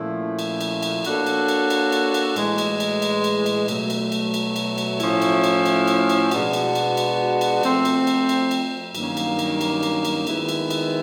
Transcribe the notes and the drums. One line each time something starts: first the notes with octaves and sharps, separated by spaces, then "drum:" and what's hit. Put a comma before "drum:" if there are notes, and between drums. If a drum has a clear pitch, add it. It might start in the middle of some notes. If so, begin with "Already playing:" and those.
Already playing: A#2 F3 A3 C#4 E4
drum: cymbal
drum: cymbal
drum: cymbal
A#3 D4 F#4 A4 C#5, drum: cymbal
drum: cymbal
drum: cymbal
drum: cymbal
drum: cymbal
drum: cymbal
A2 E3 G#3, drum: cymbal
drum: cymbal
drum: cymbal
drum: cymbal
drum: cymbal
drum: cymbal
B2 F#3 A3, drum: cymbal
drum: cymbal
drum: cymbal
drum: cymbal
drum: cymbal
drum: cymbal
A2 F3 A3 C#4 E4, drum: cymbal
drum: cymbal
drum: cymbal
drum: cymbal
drum: cymbal
drum: cymbal
B2 G#3 B3 D4 F#4, drum: cymbal
drum: cymbal
drum: cymbal
drum: cymbal
drum: cymbal
F3 A3 C4, drum: cymbal
drum: cymbal
drum: cymbal
drum: cymbal
drum: cymbal
G2 D#3 F#3 A#3 C#4, drum: cymbal
drum: cymbal
drum: cymbal
drum: cymbal
drum: cymbal
drum: cymbal
D#3 G#3 B3 E4, drum: cymbal
drum: cymbal
drum: cymbal